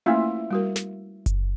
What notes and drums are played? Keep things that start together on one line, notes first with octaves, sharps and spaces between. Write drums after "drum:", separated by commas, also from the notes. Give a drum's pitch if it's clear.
A3 A#3 C#4 E4 F4 E5
G3 F#4 A#4
drum: snare
drum: kick F#1, hi-hat